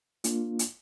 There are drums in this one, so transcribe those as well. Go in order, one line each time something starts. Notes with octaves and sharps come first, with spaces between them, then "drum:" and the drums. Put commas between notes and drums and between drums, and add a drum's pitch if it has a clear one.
A#3 D4 F4, drum: hi-hat
drum: hi-hat